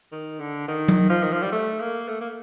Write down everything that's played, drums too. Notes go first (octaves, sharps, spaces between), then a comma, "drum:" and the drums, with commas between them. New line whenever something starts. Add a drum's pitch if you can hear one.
D#3
D3
D#3
drum: tom F#3
F3
D#3
F3
G3
A3
A#3
A3
A#3